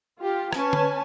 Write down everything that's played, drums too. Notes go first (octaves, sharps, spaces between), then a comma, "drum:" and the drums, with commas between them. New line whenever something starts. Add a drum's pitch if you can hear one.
F4 G4
C#4 B4 G#5 A5, drum: rim click
drum: tom D3